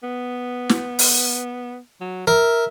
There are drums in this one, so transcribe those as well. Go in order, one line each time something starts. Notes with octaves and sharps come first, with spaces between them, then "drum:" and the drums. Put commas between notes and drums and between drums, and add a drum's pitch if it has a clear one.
B3
drum: snare
drum: open hi-hat
F#3
A#4 E5